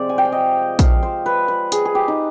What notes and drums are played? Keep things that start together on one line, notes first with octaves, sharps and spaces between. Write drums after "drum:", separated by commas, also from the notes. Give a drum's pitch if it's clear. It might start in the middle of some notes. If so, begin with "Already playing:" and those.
Already playing: C3 F3 G#3 C5 D5
G#5
G5
F5
D#5
F5, drum: kick A#1, hi-hat
C5
B4
B4
G#4, drum: hi-hat
G#4
G4
D#4